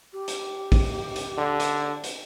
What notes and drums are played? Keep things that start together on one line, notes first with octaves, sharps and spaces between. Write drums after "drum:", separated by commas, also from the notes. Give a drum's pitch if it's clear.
G4
drum: hi-hat
drum: kick A#1, open hi-hat
drum: hi-hat
D3
drum: hi-hat
drum: hi-hat